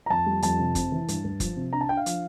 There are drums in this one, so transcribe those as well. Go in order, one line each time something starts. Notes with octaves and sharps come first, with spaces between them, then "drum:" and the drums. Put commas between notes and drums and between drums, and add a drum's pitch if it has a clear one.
A#5
F2 A5
G3
F2 A5, drum: hi-hat
C3
C3, drum: kick F#1, hi-hat
E3
G2, drum: hi-hat
G2
F3, drum: kick F#1, hi-hat
C3
D4 A#5
A5
D4 G5
F5
F3, drum: hi-hat